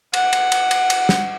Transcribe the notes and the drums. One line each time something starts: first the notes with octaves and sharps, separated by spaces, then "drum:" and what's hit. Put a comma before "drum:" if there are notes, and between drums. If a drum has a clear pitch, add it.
F#5, drum: cymbal
drum: cymbal
drum: cymbal
drum: cymbal
drum: cymbal
drum: snare